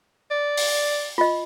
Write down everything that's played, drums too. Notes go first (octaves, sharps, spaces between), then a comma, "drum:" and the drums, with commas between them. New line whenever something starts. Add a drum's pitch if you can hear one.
D5
drum: open hi-hat
F4 D#5